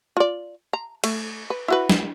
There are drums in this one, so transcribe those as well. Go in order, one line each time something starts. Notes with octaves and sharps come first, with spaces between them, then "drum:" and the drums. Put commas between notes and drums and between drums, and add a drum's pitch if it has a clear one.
F4 D5
A#5
A3, drum: cymbal
B4
E4 F#4 B4
drum: snare